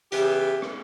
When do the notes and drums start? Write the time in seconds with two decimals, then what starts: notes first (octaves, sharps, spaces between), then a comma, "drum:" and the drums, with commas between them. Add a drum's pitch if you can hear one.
0.12 C#3 E3 B3 G4, drum: hi-hat
0.62 drum: rim click